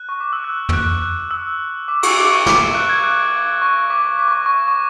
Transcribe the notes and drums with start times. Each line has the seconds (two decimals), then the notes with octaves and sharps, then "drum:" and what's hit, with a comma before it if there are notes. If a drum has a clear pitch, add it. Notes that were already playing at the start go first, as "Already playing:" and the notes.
Already playing: F#6
0.09 C#6
0.20 D6
0.33 E6
0.44 F#6
0.69 E6, drum: tom
0.73 F#6
1.02 F#6
1.31 E6
1.88 D6
2.03 C#6, drum: cymbal
2.17 D6
2.32 C#6
2.46 D6, drum: snare
2.75 F#6
2.89 G#6
3.04 F#6
3.62 C#6
3.90 D6
4.19 D6
4.28 C#6
4.46 C#6
4.68 C#6